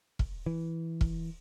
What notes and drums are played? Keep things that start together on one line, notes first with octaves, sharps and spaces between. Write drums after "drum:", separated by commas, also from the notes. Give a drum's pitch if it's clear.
drum: kick
E3
drum: kick